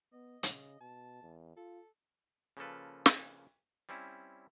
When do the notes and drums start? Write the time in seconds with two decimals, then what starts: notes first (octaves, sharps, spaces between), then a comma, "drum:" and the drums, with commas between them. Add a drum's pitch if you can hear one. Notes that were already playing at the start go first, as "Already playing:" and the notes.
0.13 B3 D#5
0.43 C#3, drum: hi-hat
0.81 B2 A5
1.22 E2
1.57 F4 A4
2.57 C#3 F3 A#3 A4 B4
3.06 drum: snare
3.89 G3 C4 C#4 E4